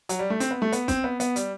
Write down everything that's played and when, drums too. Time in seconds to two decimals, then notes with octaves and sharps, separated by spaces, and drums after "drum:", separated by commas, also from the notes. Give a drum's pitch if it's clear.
0.09 F#3, drum: hi-hat
0.19 G3
0.30 A3
0.40 C4, drum: hi-hat
0.51 B3
0.62 A3
0.72 B3, drum: hi-hat
0.88 C4, drum: kick, hi-hat
1.04 B3
1.20 B3, drum: hi-hat
1.36 G3, drum: hi-hat